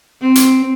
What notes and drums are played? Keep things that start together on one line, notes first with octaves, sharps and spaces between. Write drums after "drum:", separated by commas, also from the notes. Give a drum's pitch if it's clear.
C4
drum: hi-hat